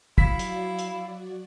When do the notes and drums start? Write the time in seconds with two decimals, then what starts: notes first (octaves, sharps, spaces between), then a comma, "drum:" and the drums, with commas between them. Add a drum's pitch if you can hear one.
0.18 F#3 E4 F#4 D5 F5 B6, drum: kick
0.39 drum: hi-hat
0.79 drum: hi-hat